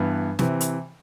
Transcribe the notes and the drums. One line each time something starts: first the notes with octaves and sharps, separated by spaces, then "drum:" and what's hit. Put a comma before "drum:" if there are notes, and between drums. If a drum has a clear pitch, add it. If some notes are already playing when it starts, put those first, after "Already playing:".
Already playing: G2 E3 B3
C3 E3, drum: snare
drum: hi-hat